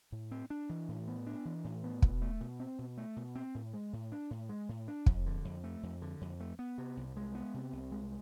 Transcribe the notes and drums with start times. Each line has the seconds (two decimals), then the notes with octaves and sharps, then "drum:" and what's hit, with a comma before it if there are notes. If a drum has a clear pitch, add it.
0.12 A2
0.31 C4
0.50 D4
0.69 E3
0.88 A2
1.08 B3
1.26 D4
1.45 E3
1.64 A2
1.84 B3
2.02 B2, drum: kick
2.22 A3
2.41 B2
2.60 C4
2.79 B2
2.97 A3
3.16 B2
3.35 C4
3.55 A2
3.73 G#3
3.93 A2
4.12 D4
4.31 A2
4.49 G#3
4.69 A2
4.88 D4
5.06 F2, drum: kick
5.26 D3
5.45 F2
5.64 A3
5.83 F2
6.02 D3
6.21 F2
6.40 A3
6.59 B3
6.78 C3
6.97 C2
7.17 G#3
7.35 B3
7.54 C3
7.73 C2
7.92 G#3